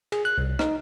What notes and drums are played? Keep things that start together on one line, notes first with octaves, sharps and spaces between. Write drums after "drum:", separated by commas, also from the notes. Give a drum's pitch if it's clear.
G#4, drum: cymbal
F#6
C2
D#4, drum: rim click